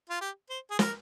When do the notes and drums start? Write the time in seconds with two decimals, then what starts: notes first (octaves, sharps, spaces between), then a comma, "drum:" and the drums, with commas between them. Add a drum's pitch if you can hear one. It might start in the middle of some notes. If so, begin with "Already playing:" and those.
0.10 F4
0.21 G4
0.50 C5
0.71 G#4
0.79 A#4, drum: snare